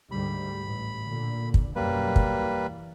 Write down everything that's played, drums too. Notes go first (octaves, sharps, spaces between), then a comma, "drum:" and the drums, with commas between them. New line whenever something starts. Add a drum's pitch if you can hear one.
D2 G#2 G3 B5
A1
A#2 D3
drum: kick
F#2 B2 G3 A#3 B4
drum: kick
E3